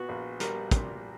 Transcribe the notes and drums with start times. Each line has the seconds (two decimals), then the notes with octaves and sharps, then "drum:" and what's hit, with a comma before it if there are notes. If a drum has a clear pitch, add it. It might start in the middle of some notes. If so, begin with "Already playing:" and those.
Already playing: A#2 B3 F#4
0.09 A#1
0.40 G3 A#4, drum: hi-hat
0.71 A#2, drum: kick, hi-hat